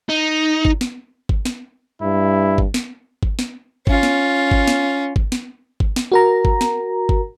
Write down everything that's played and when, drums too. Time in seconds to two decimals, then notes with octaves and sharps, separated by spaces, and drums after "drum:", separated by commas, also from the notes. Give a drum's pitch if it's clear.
0.09 D#4
0.65 drum: kick G1
0.81 drum: snare
1.29 drum: kick G1
1.45 drum: snare
2.02 G2 E4
2.58 drum: kick G1
2.74 drum: snare
3.23 drum: kick G1
3.39 drum: snare
3.87 C#4 F4, drum: kick G1
4.03 drum: snare
4.51 drum: kick G1
4.68 drum: snare
5.16 drum: kick G1
5.32 drum: snare
5.80 drum: kick G1
5.96 drum: snare
6.12 F#4 A#4 A#5
6.45 drum: kick G1
6.61 drum: snare
7.09 drum: kick G1